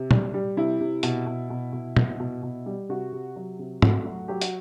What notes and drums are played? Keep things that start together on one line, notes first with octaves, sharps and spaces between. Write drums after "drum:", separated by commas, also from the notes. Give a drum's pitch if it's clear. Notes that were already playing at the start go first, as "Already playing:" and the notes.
Already playing: C3
G3, drum: tom A#2
G3
C3 E4
C3
B2, drum: hi-hat
B2
B2
B2
B2, drum: tom
B2
B2
G3
C3 F#4
C3
F#3
C3
A3 F#4, drum: tom
F#3
F#3 G4
F#4, drum: hi-hat